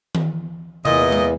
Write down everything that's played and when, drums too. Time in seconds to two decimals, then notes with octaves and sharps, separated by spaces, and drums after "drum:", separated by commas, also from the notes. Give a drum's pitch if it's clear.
0.15 drum: tom D#3
0.85 E2 A#2 E3 D#5, drum: tom C3
1.12 drum: tom G#3